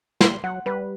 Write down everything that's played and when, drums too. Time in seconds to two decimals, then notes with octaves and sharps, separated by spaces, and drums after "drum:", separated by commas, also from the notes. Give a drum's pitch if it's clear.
0.21 G3 C6, drum: snare
0.44 F#3 F#5
0.66 G3 B4